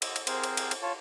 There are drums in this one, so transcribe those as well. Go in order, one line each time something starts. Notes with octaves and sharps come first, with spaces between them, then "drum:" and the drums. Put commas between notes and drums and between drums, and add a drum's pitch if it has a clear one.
D#5 E6, drum: cymbal
drum: cymbal
C4 G#4 A#4 C5, drum: cymbal
drum: cymbal
drum: cymbal
drum: cymbal
F4 C#5 A5